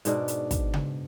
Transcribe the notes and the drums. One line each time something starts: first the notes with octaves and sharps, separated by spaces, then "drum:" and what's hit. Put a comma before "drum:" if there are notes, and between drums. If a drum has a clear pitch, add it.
G#2 B2 D4, drum: hi-hat
drum: hi-hat
drum: kick, hi-hat
drum: tom C#3